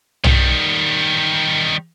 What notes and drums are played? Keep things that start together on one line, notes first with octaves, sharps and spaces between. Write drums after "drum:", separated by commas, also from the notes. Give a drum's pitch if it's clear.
D#3 G3, drum: tom B1